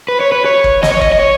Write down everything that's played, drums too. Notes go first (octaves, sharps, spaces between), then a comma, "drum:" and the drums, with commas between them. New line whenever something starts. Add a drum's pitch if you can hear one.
B4
C#5
B4
C#5
drum: kick
D#5, drum: snare
C#5
D#5, drum: kick
D#5
C#5